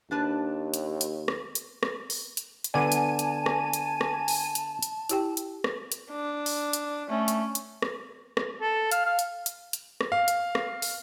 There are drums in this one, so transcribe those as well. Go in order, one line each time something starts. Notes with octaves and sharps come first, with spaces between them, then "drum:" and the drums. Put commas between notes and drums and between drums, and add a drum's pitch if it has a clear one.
D#2 D4 B4 A5
drum: hi-hat
drum: hi-hat
drum: rim click
drum: hi-hat
drum: rim click
drum: open hi-hat
drum: hi-hat
drum: hi-hat
D3 B3 D5 G#5 A5 D#7
drum: hi-hat
drum: hi-hat
drum: rim click
drum: hi-hat
drum: rim click
drum: open hi-hat
drum: hi-hat
drum: hi-hat
E4 G4 G5, drum: hi-hat
drum: hi-hat
drum: rim click
drum: hi-hat
D4
drum: open hi-hat
drum: hi-hat
A3 C#4
drum: hi-hat
drum: hi-hat
drum: rim click
drum: rim click
A4
F5, drum: hi-hat
F5
drum: hi-hat
drum: hi-hat
drum: hi-hat
drum: rim click
F5
drum: hi-hat
drum: rim click
drum: open hi-hat